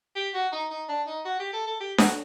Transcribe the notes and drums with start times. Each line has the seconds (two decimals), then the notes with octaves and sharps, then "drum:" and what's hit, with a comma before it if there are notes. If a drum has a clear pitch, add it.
0.16 G4
0.34 F#4
0.53 D#4
0.71 D#4
0.89 D4
1.07 D#4
1.25 F#4
1.39 G4
1.53 A4
1.66 A4
1.80 G4
1.98 F#4, drum: snare D4